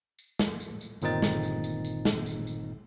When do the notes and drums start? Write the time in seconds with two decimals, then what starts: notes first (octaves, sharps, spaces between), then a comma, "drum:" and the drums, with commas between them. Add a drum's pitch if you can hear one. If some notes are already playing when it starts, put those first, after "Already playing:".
0.19 drum: tambourine
0.39 drum: snare
0.60 drum: tambourine
0.81 drum: tambourine
1.02 G1 A#2 D#3 C4 D#4 A6, drum: tambourine
1.22 drum: snare
1.43 drum: tambourine
1.64 drum: tambourine
1.85 drum: tambourine
2.05 drum: snare
2.26 drum: tambourine
2.47 drum: tambourine